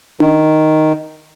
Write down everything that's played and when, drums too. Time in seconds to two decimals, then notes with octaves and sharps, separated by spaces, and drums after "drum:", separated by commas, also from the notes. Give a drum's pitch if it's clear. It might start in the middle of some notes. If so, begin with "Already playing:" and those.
0.20 D#3, drum: tom D4